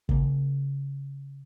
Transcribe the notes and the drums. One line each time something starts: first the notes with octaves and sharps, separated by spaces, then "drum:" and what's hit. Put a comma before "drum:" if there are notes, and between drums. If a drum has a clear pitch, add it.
C#3 A#3, drum: kick